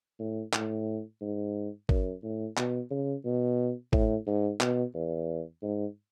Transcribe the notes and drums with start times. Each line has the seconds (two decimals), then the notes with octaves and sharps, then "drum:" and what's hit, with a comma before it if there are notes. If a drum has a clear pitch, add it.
0.19 A2
0.53 A2, drum: clap
1.21 G#2
1.89 F#2, drum: kick G#1
2.23 A2
2.57 B2, drum: clap
2.91 C#3
3.25 B2
3.93 A2, drum: kick G#1
4.27 G#2
4.60 B2, drum: clap
4.94 E2
5.63 G#2